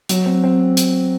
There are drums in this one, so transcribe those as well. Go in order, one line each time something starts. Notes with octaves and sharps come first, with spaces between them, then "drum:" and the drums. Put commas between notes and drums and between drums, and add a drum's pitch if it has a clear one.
F#3, drum: hi-hat
C4
C4
drum: hi-hat